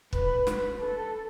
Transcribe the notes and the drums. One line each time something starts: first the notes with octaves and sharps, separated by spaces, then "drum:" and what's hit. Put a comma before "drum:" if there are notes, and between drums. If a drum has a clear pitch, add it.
B4, drum: kick
B4, drum: snare
A4